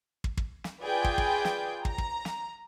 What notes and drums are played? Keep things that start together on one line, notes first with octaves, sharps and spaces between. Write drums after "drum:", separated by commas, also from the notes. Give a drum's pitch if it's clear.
drum: kick
drum: kick
drum: snare
F4 G#4 B4 D5 G5
drum: kick
drum: kick
drum: snare
A#5, drum: kick
drum: kick
drum: snare